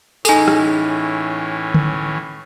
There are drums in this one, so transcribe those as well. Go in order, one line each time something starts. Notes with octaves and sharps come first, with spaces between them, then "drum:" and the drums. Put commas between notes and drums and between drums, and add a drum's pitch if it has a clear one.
A2 E3 C#4 D#4 G#4 A4 G#5, drum: tambourine
drum: rim click
drum: tom D3